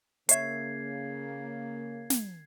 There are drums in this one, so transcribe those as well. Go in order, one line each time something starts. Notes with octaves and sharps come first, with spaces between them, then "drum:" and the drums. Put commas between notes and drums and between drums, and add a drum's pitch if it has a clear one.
C#3 A#3 C#5 E5 G#6 C7, drum: hi-hat
drum: snare